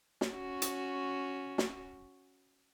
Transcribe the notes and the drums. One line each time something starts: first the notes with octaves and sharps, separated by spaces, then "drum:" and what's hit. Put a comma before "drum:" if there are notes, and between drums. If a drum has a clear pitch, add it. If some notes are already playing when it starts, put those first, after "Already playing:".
drum: snare
C#4 F#4
drum: hi-hat
drum: snare